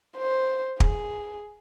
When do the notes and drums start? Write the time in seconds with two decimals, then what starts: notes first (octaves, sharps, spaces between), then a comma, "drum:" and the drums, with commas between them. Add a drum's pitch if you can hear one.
0.18 C5
0.80 G#4, drum: kick